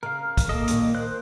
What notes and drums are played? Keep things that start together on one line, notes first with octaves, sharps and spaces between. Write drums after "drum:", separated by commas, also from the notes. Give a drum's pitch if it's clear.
C#3 A#4 F5
drum: kick, hi-hat
A#3 A4 D#5
A#2 D#3, drum: hi-hat
C5 F#6